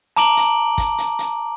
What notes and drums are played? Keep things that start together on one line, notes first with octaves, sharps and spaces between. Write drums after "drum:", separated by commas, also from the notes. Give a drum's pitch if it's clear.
A5 A#5 D6 D7 F#7 G7, drum: hi-hat
drum: hi-hat
drum: kick, hi-hat
drum: hi-hat
drum: hi-hat